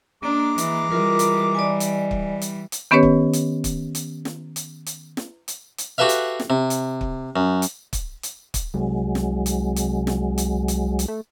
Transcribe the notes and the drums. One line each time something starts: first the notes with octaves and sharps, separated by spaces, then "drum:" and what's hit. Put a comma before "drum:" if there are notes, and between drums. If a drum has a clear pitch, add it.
G#3 A#3 D4 A#5 D6
E3, drum: hi-hat
E3 G3 F4 A#4
drum: hi-hat
D5 D#5 G#5
drum: hi-hat
drum: kick
drum: hi-hat
drum: hi-hat
D#3 B3 C#4 G4 B4 C#5
drum: kick
drum: hi-hat
drum: kick, hi-hat
drum: hi-hat
drum: snare
drum: hi-hat
drum: hi-hat
drum: snare
drum: hi-hat
drum: hi-hat
F#4 G4 A4 B4 E5 F5
drum: hi-hat
drum: snare
C3
drum: hi-hat
drum: kick
F#2
drum: hi-hat
drum: kick, hi-hat
drum: hi-hat
drum: kick, hi-hat
C2 F#3 G#3
drum: snare
drum: hi-hat
drum: hi-hat
drum: snare
drum: hi-hat
drum: hi-hat
drum: hi-hat
A3